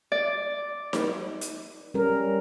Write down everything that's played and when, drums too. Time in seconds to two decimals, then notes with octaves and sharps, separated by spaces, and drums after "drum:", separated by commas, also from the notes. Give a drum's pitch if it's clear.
0.12 D5
0.93 drum: snare D#4
1.41 drum: hi-hat
1.94 G3 C#4 A#4